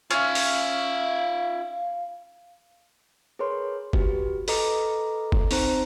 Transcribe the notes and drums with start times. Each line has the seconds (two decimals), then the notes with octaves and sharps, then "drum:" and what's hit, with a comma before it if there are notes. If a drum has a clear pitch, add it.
0.11 C#4 F4 E5 F5, drum: hi-hat
0.35 drum: open hi-hat
3.39 G#4 A#4 B4 C#5 C6
3.93 F#4 G4 B4, drum: kick F#1
4.48 A4 B4 D#5 A#5 D6, drum: open hi-hat
5.32 drum: kick F#1
5.51 C4 D#4 C5 A#5, drum: open hi-hat